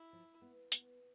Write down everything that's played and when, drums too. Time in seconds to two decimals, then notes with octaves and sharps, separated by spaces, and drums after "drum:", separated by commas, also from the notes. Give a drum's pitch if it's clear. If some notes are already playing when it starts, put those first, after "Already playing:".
Already playing: E4
0.13 F3
0.42 B3
0.72 B3, drum: hi-hat